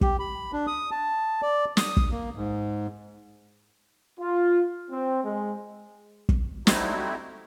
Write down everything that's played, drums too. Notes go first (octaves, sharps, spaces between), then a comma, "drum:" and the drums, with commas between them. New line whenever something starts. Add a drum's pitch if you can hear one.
G4, drum: kick
B5
D4
D#6
A5
D5
D#6, drum: snare
drum: kick
A#3
G#2
F4
C4
G#3
drum: kick
G3 A3 C4 D#4 E4 F#4, drum: snare